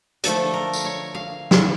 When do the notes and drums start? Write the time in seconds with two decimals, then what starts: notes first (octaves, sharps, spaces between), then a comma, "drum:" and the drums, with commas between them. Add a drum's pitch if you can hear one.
0.24 D3 F3 A3 A4, drum: hi-hat
0.54 A#4
0.73 drum: tambourine
0.85 C#5
1.15 F5
1.51 drum: snare